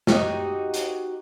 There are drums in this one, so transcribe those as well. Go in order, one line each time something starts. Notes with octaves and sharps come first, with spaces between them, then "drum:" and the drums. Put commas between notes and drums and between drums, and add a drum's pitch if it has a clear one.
D#4 F#4 G4, drum: snare
drum: hi-hat